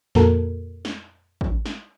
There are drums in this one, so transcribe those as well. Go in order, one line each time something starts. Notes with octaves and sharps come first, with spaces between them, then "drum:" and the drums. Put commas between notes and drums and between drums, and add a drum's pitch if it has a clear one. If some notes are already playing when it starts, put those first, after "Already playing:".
F2 A#2 A#3 F#4 A4 A#4, drum: snare
drum: snare
drum: kick
drum: snare